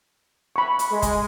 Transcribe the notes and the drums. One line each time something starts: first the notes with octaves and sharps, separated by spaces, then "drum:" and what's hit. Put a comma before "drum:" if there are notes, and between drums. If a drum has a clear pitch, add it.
B5 C#6
drum: hi-hat
G#3
drum: kick, hi-hat